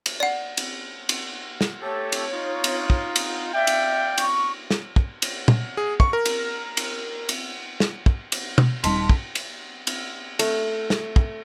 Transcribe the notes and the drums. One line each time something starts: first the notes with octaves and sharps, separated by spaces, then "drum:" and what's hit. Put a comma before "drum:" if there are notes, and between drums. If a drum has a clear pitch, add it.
drum: cymbal
D5 F#5
drum: cymbal
drum: cymbal
drum: snare
A3 G4 A4 C#5
drum: cymbal
D#4 F4
drum: cymbal
drum: kick
drum: cymbal
D5 E5 F5 G5
drum: cymbal
C#6, drum: cymbal
drum: snare
drum: kick
drum: cymbal
drum: tom
G#4
C#6, drum: kick
A#4
drum: cymbal
drum: cymbal
drum: cymbal
drum: snare
drum: kick
drum: cymbal
drum: tom
D#1 G3 D#4 A5 C6 B6, drum: cymbal
drum: kick
drum: cymbal
drum: cymbal
A3, drum: cymbal
drum: snare
drum: kick